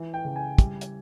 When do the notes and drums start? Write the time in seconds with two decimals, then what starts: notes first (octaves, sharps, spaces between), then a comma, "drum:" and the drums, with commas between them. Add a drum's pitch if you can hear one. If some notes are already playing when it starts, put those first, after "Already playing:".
Already playing: E3
0.14 G5
0.25 C#3
0.36 G#5
0.58 G3, drum: kick, hi-hat
0.81 drum: hi-hat